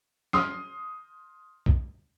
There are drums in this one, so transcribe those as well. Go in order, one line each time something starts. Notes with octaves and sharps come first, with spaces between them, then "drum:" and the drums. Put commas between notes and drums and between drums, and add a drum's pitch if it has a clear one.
C6 D#6 F6 C7, drum: snare
drum: kick